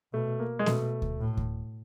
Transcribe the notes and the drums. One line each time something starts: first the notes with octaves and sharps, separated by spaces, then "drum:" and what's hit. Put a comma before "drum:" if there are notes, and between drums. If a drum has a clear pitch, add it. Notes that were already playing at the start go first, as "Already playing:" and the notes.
B2 A3
A#3
G#3
B2 A3, drum: snare B3
drum: kick D2
A2
drum: kick D2